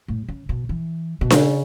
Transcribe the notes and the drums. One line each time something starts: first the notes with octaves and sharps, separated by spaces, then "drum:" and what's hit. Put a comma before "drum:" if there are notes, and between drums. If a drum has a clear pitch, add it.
A2
C#3
B2
E3
B2
C#3, drum: snare D4